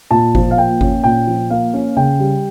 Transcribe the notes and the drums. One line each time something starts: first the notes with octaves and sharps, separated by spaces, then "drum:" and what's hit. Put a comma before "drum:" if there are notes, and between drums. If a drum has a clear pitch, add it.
A#2 A5
F3, drum: kick G1
F5
A#3 G5
C#4, drum: kick G1
A#2 G5
F3
A#3 F5
C#4
C#3 G5
G3